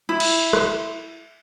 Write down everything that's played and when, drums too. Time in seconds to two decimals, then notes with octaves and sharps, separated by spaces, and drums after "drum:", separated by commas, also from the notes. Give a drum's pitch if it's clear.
0.09 E4
0.20 drum: cymbal
0.53 drum: rim click